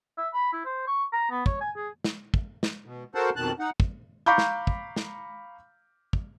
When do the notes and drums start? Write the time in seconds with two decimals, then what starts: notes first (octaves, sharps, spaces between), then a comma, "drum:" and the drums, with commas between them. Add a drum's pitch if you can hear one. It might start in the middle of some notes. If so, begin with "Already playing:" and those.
0.18 E5
0.33 B5
0.53 E4
0.65 C5
0.87 C#6
1.13 A#5
1.30 B3
1.46 C#5, drum: kick
1.61 G#5
1.76 G#4
2.04 drum: snare
2.34 drum: kick
2.63 drum: snare
2.86 B2
3.15 F#4 A4 A#4 C5 F#5 A5
3.36 F2 B2 D#3 A5 F#6
3.59 D#4 F#5
3.80 drum: kick
4.26 F5 A#5 B5 C#6 D6 G6
4.38 drum: snare
4.67 drum: kick
4.96 drum: snare
6.13 drum: kick